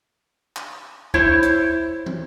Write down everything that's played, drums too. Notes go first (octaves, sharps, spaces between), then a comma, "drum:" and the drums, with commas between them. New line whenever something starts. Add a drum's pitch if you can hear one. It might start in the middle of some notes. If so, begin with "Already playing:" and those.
drum: clap
E4 C5 C#5, drum: kick
drum: hi-hat
drum: tom